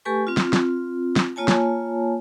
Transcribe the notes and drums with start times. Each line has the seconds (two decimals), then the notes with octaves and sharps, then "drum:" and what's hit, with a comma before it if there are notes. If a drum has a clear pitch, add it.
0.05 A3 G4 A4 B4 G#5 C#6
0.27 C4 F4
0.37 drum: snare
0.53 drum: snare
1.16 drum: snare
1.36 A#3 F4 C#5 G#5 A5
1.48 drum: snare